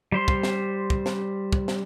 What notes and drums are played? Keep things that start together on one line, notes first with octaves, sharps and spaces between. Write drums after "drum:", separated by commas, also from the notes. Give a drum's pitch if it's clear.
G3 C5 C6
drum: kick
drum: snare
drum: kick
drum: snare
drum: kick
drum: snare